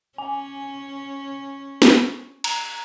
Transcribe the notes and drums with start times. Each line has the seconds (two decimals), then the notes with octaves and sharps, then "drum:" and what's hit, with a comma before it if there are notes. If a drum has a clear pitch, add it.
0.18 C#4 G#5
1.82 drum: snare
2.44 A#5, drum: cymbal